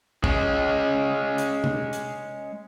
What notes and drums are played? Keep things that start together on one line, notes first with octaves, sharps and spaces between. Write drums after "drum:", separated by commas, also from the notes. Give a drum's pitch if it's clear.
G#3 C#4, drum: kick
drum: hi-hat
drum: tom C3
drum: hi-hat